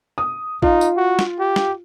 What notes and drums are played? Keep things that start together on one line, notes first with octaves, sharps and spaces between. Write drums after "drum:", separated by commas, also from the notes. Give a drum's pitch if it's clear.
D#6
D#4 F4, drum: kick A1
drum: tambourine
F#4
drum: snare
G4
drum: snare